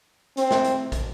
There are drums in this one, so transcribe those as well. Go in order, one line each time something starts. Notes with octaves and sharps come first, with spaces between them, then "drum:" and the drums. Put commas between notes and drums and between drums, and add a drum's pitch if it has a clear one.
C4, drum: hi-hat
drum: snare
drum: hi-hat
drum: kick, hi-hat